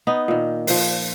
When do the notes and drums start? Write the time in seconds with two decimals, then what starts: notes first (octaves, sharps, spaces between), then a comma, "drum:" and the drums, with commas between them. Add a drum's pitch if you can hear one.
0.07 B3 D#4
0.28 A#2 D#3
0.67 F3 C5, drum: open hi-hat